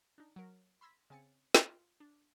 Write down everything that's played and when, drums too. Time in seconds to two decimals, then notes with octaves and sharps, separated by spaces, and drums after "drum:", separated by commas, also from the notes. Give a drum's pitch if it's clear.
0.18 D4 D#4
0.36 F#3 A#4
0.81 B5 C6 E6 G#6 A#6 B6
1.10 C#3 C4 G#5 A6 C#7
1.54 drum: snare
1.66 F4
2.00 D4